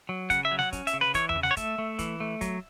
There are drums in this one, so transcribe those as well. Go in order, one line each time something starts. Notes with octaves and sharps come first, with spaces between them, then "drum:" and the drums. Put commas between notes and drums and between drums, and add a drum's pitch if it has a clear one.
F#3
C#3 F#5, drum: kick, hi-hat
E5
F#3
F#5, drum: snare
C#4, drum: kick, hi-hat
E5, drum: hi-hat
C#3
B4, drum: snare
E3 C#5, drum: kick, hi-hat
E5, drum: tom E2
C#3
F#5, drum: snare
C#5
A3 E5, drum: kick, hi-hat
A3
E3, drum: kick, hi-hat
A3
F#3, drum: kick, hi-hat